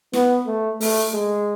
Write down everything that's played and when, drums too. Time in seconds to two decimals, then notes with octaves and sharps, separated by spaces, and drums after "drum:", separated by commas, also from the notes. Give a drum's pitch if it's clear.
0.13 B3, drum: snare
0.46 A3
0.81 A3, drum: open hi-hat
1.14 G#3